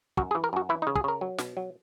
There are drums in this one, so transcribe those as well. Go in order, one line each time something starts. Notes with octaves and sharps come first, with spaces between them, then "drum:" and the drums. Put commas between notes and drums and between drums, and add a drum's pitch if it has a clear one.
F#2 F#4, drum: kick
G#4
E3
A#4
F#2 F#4
E3 E4
D#4
C#3
G#4, drum: kick
C#3 A#4
F#3
B2, drum: snare
F#3